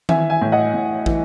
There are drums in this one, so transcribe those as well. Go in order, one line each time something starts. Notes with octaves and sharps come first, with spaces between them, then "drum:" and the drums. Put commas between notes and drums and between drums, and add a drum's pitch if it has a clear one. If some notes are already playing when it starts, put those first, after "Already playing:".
E3 E5 G#5, drum: tom D#3
E5 G#5
A2
D#5 F#5
A2
E3, drum: kick